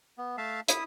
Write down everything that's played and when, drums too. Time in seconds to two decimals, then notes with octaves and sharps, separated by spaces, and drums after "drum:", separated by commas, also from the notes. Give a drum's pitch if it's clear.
0.18 B3
0.38 A3 E5 F5 A5
0.68 E4 E5 D#6, drum: hi-hat